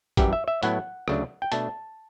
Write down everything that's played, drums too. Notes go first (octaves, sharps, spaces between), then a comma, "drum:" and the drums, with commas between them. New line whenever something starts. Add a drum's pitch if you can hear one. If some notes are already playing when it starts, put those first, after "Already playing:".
F#2 E3 G3 G4, drum: kick, hi-hat
E5
E5
A2 F#3 B3 E4 F#5, drum: hi-hat
D2 C#3 F#3 A3 D4, drum: rim click
G5
B2 A3 D4 A5, drum: hi-hat